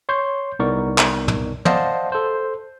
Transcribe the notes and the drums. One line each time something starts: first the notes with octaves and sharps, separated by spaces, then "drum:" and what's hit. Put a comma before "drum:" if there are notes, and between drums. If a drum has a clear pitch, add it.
C#5 C6 C#6 G6
C2 B3 D#4 A#4 D5 C#6
drum: clap
drum: tom
C5 D5 D#5 F5 F#5 A5, drum: tom
A4 C5